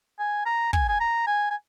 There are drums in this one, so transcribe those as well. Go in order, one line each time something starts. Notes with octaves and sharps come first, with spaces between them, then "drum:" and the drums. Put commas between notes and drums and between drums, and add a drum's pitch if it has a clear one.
G#5
A#5
G#5, drum: kick
G#5
A#5
G#5
G#5